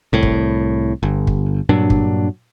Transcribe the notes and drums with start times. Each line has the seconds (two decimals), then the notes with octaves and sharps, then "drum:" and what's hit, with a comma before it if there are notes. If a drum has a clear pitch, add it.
0.13 C2 A2
0.23 drum: kick
1.03 G1
1.27 drum: kick
1.69 G2 A#2 F#3 D4
1.90 drum: kick